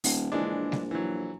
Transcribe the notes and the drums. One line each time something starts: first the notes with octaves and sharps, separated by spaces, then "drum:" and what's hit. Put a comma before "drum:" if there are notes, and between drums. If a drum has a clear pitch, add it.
D#1, drum: open hi-hat
A#1 E3 G#3 D4
drum: snare G3
E3 F#3